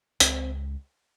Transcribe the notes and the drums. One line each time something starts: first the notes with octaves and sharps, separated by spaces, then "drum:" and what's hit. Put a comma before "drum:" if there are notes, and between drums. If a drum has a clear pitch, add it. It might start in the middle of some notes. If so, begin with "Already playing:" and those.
C#2 C4, drum: hi-hat